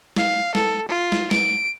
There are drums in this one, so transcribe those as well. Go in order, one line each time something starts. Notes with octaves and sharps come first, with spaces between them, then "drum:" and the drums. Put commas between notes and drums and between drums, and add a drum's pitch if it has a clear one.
F5, drum: snare
A4, drum: snare
F4
drum: snare
D7, drum: snare